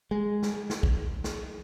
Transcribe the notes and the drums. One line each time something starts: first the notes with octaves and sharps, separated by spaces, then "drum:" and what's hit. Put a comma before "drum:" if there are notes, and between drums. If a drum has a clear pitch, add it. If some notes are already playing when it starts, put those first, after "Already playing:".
G#3
drum: snare
drum: snare
drum: kick A#1
drum: snare